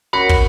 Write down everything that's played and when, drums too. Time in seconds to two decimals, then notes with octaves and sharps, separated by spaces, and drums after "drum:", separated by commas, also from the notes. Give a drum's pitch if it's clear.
0.13 C#4 F#4 A#4 C#5 F#5 B5
0.29 drum: kick